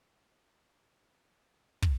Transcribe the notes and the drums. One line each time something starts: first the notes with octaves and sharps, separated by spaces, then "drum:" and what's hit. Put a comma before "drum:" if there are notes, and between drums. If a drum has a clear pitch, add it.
D#3
D3
C3
B2
A2
F#2
F2
F#2
F#2
F2
drum: kick